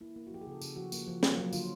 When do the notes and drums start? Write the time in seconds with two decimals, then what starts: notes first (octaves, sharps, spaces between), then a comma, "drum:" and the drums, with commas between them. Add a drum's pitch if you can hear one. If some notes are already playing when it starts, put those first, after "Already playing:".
0.01 A#3 E4
0.16 A#3 E4
0.27 F#4
0.31 F3 G4
0.41 G#4
0.47 C#3 A4
0.62 C#3 G#4, drum: tambourine
0.76 F3 F#4
0.92 A#3, drum: tambourine
1.08 F3
1.23 A#3, drum: snare
1.37 F#3
1.53 D3 F4, drum: tambourine